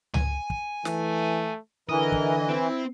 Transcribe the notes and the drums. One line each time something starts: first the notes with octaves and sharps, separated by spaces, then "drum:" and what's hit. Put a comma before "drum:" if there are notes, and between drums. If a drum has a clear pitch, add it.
G#5, drum: tom C#2
drum: kick
E3 A3, drum: snare
D3 E3 A#4 D#5
drum: kick
C4 E4